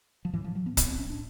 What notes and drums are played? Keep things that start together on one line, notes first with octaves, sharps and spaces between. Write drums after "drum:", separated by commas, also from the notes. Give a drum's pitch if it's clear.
F3
A2 E3
F3
F#3
B3
A2 B3, drum: kick, hi-hat
C4
C#4
D4